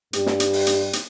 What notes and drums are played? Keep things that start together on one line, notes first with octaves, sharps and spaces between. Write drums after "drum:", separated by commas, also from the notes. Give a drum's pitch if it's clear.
G2 G3 D4 G4, drum: hi-hat
drum: snare
drum: hi-hat
drum: open hi-hat
drum: hi-hat
drum: hi-hat